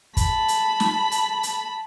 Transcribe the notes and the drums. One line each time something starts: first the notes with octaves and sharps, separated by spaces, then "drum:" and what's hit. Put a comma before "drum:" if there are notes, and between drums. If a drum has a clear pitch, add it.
A5 B5, drum: kick, hi-hat
drum: hi-hat
drum: snare
drum: hi-hat
drum: hi-hat